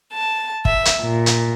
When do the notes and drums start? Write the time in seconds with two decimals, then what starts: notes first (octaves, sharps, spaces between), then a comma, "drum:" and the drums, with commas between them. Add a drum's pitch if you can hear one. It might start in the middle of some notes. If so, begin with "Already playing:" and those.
0.12 A5
0.65 E5, drum: kick
0.85 drum: hi-hat
1.00 A#2
1.26 drum: hi-hat